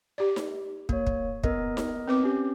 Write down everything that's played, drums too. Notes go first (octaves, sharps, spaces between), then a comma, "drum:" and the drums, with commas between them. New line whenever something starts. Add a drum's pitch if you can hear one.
G4 D5
drum: snare D#4
A#3 C#5, drum: kick
drum: kick
B3 A#4 D#5, drum: kick
drum: snare D#4
C4 B4 D6
C#4 G4